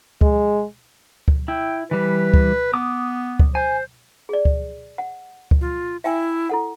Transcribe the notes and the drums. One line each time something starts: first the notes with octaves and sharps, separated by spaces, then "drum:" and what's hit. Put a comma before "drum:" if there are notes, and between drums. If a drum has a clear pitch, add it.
G#3, drum: kick C#2
drum: kick C#2
E4 G5
E3 G3 B4
drum: kick C#2
B3 D6 D#6
drum: kick C#2
C5 G#5
G#4 D5
drum: kick C#2
F#5
drum: kick C#2
F4
E4 E5 G5 G#5
E4 A4 F#5